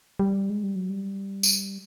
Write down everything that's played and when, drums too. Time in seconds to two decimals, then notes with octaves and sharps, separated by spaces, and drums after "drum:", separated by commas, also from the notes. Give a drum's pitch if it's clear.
0.19 G3
0.50 G#3
0.63 G3
0.76 F#3
0.90 G3
1.43 drum: tambourine